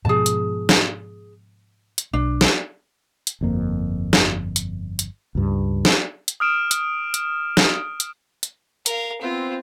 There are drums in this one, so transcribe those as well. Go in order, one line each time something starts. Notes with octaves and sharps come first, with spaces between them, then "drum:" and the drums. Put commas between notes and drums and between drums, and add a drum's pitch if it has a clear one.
G#2 B2 F3 G#4 A5
drum: hi-hat
drum: snare
drum: hi-hat
B1 D4
drum: snare
drum: hi-hat
G1 F2 A#3
drum: snare
drum: hi-hat
drum: hi-hat
C#2 G2
drum: snare
drum: hi-hat
D#6 F6 D7 E7
drum: hi-hat
drum: hi-hat
drum: snare
drum: hi-hat
drum: hi-hat
A#4 F5, drum: hi-hat
B3 C4 F4